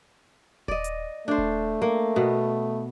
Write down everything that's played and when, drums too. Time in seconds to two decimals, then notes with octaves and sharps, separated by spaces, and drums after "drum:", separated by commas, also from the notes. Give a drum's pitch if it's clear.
0.68 D5 D#5, drum: kick D#1
0.84 drum: hi-hat
1.28 A3 D4 C5
1.38 drum: kick D#1
1.82 A#3
2.16 B2 B3